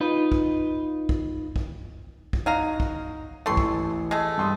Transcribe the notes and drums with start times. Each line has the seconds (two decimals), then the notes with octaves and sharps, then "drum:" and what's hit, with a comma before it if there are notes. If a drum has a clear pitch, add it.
0.01 D#4 F4 B4
0.32 drum: kick
1.09 drum: kick
1.56 drum: kick
2.33 drum: kick
2.46 F#3 D#4 F5 A#5 D#7
2.80 drum: kick
3.46 A1 E3 A3 C6 C#6
3.57 drum: kick
4.11 G#3 A3
4.38 G2 C6 D#6